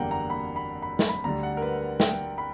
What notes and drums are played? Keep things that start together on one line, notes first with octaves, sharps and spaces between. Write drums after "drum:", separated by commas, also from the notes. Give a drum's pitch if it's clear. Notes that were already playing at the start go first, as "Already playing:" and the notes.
Already playing: F#1 E2 D3 G3 A#3 F#5 G5 A#5
A#5
B5
B5
B5
drum: snare
B5
D2 D3 G3 A#5
F#5
A#4
B4
G5, drum: snare
B5